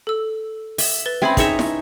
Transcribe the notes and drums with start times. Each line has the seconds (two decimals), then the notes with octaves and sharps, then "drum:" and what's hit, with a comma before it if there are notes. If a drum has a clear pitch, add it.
0.07 A4 E6
0.78 E5, drum: open hi-hat
1.06 B4 A6 G7
1.22 C4 C#4 G#4 E5 B5
1.37 D#4 G#4 C#5 E5, drum: kick, hi-hat
1.59 drum: snare